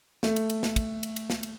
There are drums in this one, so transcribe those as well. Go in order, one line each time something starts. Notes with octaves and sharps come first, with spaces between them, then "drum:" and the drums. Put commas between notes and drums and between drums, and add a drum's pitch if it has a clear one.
A3, drum: snare
drum: cymbal
drum: cymbal
drum: snare
drum: kick, cymbal
drum: cymbal
drum: cymbal
drum: snare
drum: cymbal